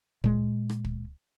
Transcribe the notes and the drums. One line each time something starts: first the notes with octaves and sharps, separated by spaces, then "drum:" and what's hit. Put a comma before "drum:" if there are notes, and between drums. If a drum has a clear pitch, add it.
A#2 G#3, drum: kick
drum: rim click
drum: kick